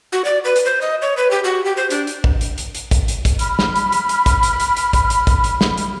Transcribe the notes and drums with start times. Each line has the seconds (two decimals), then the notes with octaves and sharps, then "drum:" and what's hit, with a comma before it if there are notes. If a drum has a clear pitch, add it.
0.12 F#4
0.25 D5
0.44 B4
0.56 drum: hi-hat
0.65 C5
0.81 D#5
1.02 C#5
1.17 B4
1.31 G4
1.44 F#4
1.65 G4
1.77 C5
1.90 D4, drum: hi-hat
2.07 drum: hi-hat
2.24 drum: kick
2.41 drum: hi-hat
2.58 drum: hi-hat
2.75 drum: hi-hat
2.91 drum: kick, hi-hat
3.08 drum: hi-hat
3.25 drum: kick, hi-hat
3.39 B5 F6, drum: hi-hat
3.59 drum: snare
3.76 drum: hi-hat
3.92 drum: hi-hat
4.09 drum: hi-hat
4.26 drum: kick, hi-hat
4.43 drum: hi-hat
4.60 drum: hi-hat
4.77 drum: hi-hat
4.93 drum: kick, hi-hat
5.10 drum: hi-hat
5.27 drum: kick, hi-hat
5.44 drum: hi-hat
5.61 drum: snare
5.78 drum: hi-hat